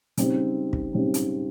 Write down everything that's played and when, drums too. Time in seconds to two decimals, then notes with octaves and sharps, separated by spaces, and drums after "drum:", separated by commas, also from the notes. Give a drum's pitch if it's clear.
0.17 C#3 G3 C4 D#4, drum: hi-hat
0.73 drum: kick
0.93 C#3 G3 C4 D#4
1.14 drum: hi-hat